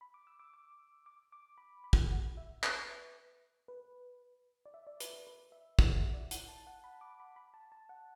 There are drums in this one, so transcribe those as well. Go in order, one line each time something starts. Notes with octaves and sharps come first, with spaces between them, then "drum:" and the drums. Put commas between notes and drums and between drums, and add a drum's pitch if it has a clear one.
B5
D6
E6
D6
D6
D6
D6
B5
B5
drum: kick
F#5
E5
B4, drum: clap
B4
D5
E5
D5
B4, drum: hi-hat
B4
B4
E5
F#5, drum: kick
E5
D5
F#5, drum: hi-hat
A5
F#5
B5
D6
B5
B5
A5
A5
F#5